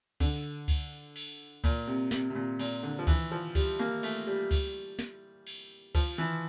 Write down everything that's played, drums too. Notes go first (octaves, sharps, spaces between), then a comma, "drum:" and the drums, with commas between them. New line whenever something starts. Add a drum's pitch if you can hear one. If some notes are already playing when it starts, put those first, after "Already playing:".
D3, drum: kick C#2, cymbal
drum: kick C#2, cymbal
drum: cymbal
A#2, drum: kick C#2, cymbal
C3
C3, drum: snare
C3
A#2
A#2, drum: cymbal
D3
F3
E3, drum: kick C#2, cymbal
F3
G3, drum: kick C#2, cymbal
A#3
A3, drum: cymbal
G3
drum: kick C#2, cymbal
drum: snare
drum: cymbal
F3, drum: kick C#2, cymbal
E3